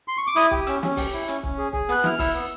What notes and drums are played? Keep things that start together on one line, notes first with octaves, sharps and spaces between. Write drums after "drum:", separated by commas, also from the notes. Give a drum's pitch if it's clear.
C6
C#6
D6
E4 D#6, drum: hi-hat
G4, drum: kick
C#4 E6, drum: hi-hat
C#4, drum: snare
G4, drum: kick, open hi-hat
E4
C#4, drum: hi-hat
C#4, drum: kick
G#4
G#4, drum: kick
B3 F#6, drum: hi-hat
E4 F6, drum: snare
E4 E6, drum: kick, open hi-hat
B3